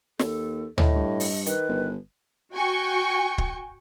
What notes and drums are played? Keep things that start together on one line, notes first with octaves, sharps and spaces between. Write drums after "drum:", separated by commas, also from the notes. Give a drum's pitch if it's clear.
D#2 A4, drum: snare
A2 D#5, drum: tom
G2
drum: open hi-hat
D#3 B4, drum: hi-hat
G1
F#4 G5 G#5 C#6
drum: kick